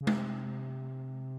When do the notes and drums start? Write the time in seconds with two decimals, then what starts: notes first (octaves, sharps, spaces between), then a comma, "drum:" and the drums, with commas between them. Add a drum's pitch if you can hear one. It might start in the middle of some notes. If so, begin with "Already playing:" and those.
0.01 C#3
0.07 C3, drum: tom G#3